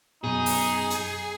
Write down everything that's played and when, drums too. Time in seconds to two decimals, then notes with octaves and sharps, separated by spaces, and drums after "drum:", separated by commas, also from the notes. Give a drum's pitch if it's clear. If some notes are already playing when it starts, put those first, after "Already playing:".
0.24 F#2 B2 D#4 G#4
0.46 drum: open hi-hat
0.90 drum: hi-hat